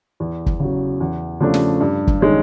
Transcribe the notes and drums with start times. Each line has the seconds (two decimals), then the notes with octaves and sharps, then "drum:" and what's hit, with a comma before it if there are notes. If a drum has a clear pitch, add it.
0.20 E2
0.46 drum: kick
0.60 C#3 F#3
1.00 E2
1.40 C#3 F3 A3 D4
1.54 drum: snare
1.80 G2
2.07 drum: kick
2.20 D#3 G#3 C#4